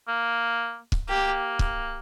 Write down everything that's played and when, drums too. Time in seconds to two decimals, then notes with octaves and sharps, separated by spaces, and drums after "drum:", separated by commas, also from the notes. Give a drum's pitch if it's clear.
0.08 A#3
0.92 drum: kick
1.09 A#3 G4
1.59 drum: kick